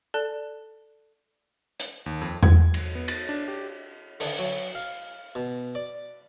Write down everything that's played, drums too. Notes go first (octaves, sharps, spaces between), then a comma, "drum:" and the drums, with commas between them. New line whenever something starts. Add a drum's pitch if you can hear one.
A4 D5 A5 F#6
drum: hi-hat
D#2
F2
G#6, drum: tom E2
drum: cymbal
B3
A6, drum: cymbal
D4
G4
D3, drum: open hi-hat
F#3
F5
B2
D5